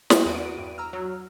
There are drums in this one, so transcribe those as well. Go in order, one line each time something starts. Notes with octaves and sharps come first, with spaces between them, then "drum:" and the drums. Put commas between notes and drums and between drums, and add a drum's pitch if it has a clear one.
G3 F#4, drum: snare
E2 F#4 D5 D7 D#7
G2
A#5 E6 F6
F#3